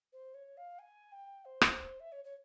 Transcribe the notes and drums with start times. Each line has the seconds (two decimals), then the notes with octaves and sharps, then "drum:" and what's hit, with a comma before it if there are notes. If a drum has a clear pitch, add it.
0.12 C5
0.34 C#5
0.57 F5
0.78 G#5
1.12 G5
1.45 C5
1.61 drum: rim click
2.00 E5
2.12 C#5
2.24 C#5